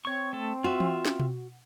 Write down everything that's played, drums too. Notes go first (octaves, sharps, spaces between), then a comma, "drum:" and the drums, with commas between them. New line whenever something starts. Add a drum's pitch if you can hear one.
C4 C#5 C#6
A3 A4
F4 F#4 E5
drum: tom E3
drum: snare
drum: tom B2